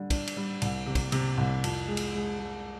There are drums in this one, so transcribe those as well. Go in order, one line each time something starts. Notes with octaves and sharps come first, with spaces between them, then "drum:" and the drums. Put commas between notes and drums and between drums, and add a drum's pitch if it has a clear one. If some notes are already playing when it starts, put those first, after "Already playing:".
Already playing: D3 G3 D4
D4, drum: kick, cymbal
drum: cymbal
G3
C2, drum: cymbal
C3
drum: kick, cymbal
C3, drum: cymbal
C2
F2, drum: cymbal
G#3
drum: cymbal
G#3
G#3